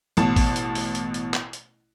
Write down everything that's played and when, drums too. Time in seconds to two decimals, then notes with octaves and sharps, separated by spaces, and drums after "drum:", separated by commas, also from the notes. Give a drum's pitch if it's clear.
0.17 A1 B2 A5, drum: hi-hat
0.36 drum: kick A1, open hi-hat
0.56 drum: hi-hat
0.75 drum: open hi-hat
0.95 drum: hi-hat
1.14 drum: hi-hat
1.34 drum: clap
1.53 drum: hi-hat